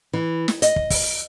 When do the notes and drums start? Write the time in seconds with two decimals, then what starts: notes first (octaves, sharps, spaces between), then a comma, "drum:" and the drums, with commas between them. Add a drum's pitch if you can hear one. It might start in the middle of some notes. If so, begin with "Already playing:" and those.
0.13 E3
0.48 drum: snare
0.62 D#5, drum: hi-hat
0.76 drum: kick
0.90 drum: kick, open hi-hat